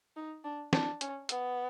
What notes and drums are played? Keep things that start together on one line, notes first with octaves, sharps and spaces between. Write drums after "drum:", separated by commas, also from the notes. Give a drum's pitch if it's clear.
D#4
D4
D4, drum: snare
C#4, drum: hi-hat
B3, drum: hi-hat